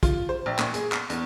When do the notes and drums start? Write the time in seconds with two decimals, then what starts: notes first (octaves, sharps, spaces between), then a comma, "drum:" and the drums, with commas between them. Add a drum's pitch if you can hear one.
0.03 F4, drum: kick, hi-hat
0.29 C5
0.46 A#1
0.59 A#2, drum: clap
0.74 G#4, drum: hi-hat
0.92 F6, drum: clap
1.10 E2, drum: hi-hat